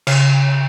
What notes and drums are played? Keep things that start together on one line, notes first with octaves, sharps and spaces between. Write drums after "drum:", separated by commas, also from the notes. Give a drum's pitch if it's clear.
C#3, drum: cymbal